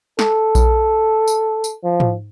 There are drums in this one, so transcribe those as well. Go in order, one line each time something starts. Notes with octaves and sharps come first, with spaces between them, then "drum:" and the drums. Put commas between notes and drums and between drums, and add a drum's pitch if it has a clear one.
A4, drum: snare
drum: kick A#1, tambourine
drum: tambourine
drum: tambourine
F3
drum: tom G#2